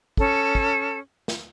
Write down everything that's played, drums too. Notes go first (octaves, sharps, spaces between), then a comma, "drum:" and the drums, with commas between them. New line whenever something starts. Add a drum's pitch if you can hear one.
C#4 A4, drum: kick
drum: kick
drum: snare